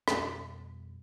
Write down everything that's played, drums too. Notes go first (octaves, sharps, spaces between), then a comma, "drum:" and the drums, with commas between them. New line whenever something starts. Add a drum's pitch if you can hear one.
F2 B2 G3, drum: rim click